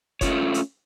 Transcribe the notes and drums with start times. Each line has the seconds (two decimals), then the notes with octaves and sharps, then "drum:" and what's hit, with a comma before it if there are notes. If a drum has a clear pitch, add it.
0.21 A3 C#4 F4 C#5, drum: kick F#1, hi-hat
0.54 drum: hi-hat